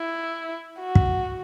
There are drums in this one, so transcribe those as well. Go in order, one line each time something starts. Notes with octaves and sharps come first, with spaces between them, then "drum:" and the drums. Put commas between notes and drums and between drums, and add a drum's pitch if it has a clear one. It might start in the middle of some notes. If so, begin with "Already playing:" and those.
Already playing: E4
F#4
drum: kick